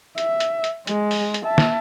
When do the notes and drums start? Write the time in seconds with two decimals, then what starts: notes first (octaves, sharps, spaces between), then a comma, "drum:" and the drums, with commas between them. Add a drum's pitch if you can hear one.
0.18 E5, drum: hi-hat
0.40 drum: hi-hat
0.64 drum: hi-hat
0.87 G#3, drum: hi-hat
1.11 drum: open hi-hat
1.34 drum: hi-hat
1.44 E5 A5
1.58 drum: snare